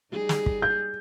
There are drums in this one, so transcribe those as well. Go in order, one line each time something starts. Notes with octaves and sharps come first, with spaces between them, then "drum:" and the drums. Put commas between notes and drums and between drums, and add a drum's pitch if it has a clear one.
G3 D#4 G#4
drum: snare
drum: kick
G6